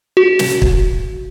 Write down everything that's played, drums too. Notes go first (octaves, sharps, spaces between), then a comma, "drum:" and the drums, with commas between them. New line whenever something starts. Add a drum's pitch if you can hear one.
F#4
drum: snare
drum: kick